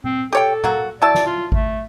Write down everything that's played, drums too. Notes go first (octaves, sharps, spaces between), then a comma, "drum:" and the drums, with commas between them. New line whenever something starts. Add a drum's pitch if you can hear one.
C4, drum: tom A#2
G4 A4 C#5 G5
F#3 A#3 F#4, drum: tom A#2
F#3 E4 D5 A5
drum: snare
F4
A3, drum: kick G#1